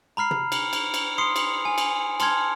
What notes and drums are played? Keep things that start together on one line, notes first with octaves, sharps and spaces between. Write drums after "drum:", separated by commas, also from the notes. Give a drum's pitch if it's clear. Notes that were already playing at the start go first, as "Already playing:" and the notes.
A#5 B5 F6 C7
drum: tom
drum: cymbal
drum: cymbal
drum: cymbal
C6 D#6 C7 C#7
drum: cymbal
G#5
drum: cymbal
A5 C6 F6 G#6, drum: cymbal